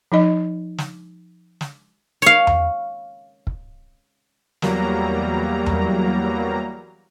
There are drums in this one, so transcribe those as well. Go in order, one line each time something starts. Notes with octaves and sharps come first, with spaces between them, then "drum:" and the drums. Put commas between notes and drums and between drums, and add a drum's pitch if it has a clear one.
F3 D#4 D#5
drum: snare
drum: snare
C#5 F5, drum: hi-hat
drum: tom E2
drum: kick
E2 F#3 G3 A#3 A#5, drum: snare
drum: tom E2